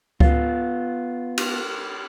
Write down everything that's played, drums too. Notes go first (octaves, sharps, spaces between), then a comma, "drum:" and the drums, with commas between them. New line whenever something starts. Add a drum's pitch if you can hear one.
B3 F4, drum: kick C#2
drum: cymbal